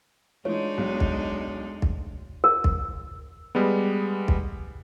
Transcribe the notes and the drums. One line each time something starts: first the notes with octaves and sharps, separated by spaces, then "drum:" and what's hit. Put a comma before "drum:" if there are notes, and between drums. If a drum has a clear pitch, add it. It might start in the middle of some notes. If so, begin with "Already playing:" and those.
E3 G#3 D4 D#4 F4 C#5
B1
drum: kick
drum: kick
A#4
drum: kick
G3 G#3 B3
drum: kick